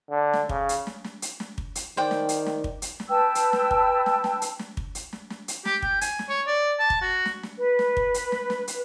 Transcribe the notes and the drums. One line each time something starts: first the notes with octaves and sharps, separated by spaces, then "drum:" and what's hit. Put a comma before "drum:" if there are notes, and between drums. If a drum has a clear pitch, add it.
D3
drum: snare
C#3, drum: kick
drum: hi-hat
drum: snare
drum: snare
drum: hi-hat
drum: snare
drum: kick
drum: hi-hat
D#3 C5 D5 G5
drum: snare
drum: hi-hat
drum: snare
drum: kick
drum: hi-hat
drum: snare
B4 G5 A5 E6
drum: hi-hat
drum: snare
drum: kick
drum: snare
drum: snare
drum: hi-hat
drum: snare
drum: kick
drum: hi-hat
drum: snare
drum: snare
drum: hi-hat
G4, drum: snare
G5, drum: kick
G#5, drum: hi-hat
drum: snare
C#5
D5
A5
drum: kick
F#4
drum: snare
drum: snare
B4
drum: snare
drum: kick
drum: hi-hat
drum: snare
drum: snare
drum: hi-hat